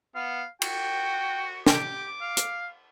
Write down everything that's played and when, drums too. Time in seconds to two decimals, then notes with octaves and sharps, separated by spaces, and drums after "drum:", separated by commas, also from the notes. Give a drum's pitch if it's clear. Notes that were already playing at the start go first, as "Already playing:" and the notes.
0.15 B3 F5
0.62 F#4 G5, drum: cymbal
1.67 G4 D6, drum: snare
2.21 F5
2.37 drum: hi-hat